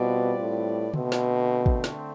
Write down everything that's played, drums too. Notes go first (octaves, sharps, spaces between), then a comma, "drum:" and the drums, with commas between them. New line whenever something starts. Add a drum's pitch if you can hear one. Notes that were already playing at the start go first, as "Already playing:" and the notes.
Already playing: B2 G3 C4 F4 B4 D5
A2
B2 D3 A3 C4, drum: tom C#3
drum: snare
drum: kick
drum: snare